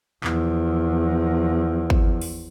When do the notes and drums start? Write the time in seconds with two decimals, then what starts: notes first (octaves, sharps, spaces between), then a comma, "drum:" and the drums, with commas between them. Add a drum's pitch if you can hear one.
0.24 E2 F3, drum: clap
1.90 drum: kick G#1
2.21 drum: open hi-hat